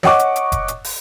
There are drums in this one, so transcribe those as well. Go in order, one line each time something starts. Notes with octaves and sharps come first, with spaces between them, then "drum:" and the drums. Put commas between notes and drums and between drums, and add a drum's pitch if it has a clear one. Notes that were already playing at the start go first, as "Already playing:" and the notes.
C#5 D#5 F#5 C#6 D6, drum: snare
drum: hi-hat
drum: hi-hat
drum: kick F1, hi-hat
drum: hi-hat
drum: open hi-hat